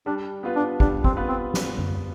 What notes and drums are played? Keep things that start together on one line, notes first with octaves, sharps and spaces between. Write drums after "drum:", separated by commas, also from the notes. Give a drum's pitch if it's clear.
G3 D4
B3 F4 B4
D4
G3 D4, drum: kick
C4, drum: kick
B3 F4 B4
C4
drum: snare
drum: tom F#2